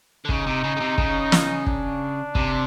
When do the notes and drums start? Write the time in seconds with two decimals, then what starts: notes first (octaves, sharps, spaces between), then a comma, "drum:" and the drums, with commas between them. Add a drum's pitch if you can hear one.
0.25 D3
0.29 C#3 D#4, drum: kick
0.47 C3
0.64 C#3
0.77 C#3
0.80 C3
0.98 C#3, drum: kick
1.32 drum: snare
1.66 D4, drum: kick
2.35 C3, drum: kick